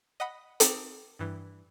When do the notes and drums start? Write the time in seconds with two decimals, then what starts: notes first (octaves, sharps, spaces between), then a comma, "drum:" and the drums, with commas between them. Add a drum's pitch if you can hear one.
0.20 D#5 F#5 B5 D#6
0.60 C4 D#4 F#4 A4 A#4, drum: hi-hat
1.19 G2 E3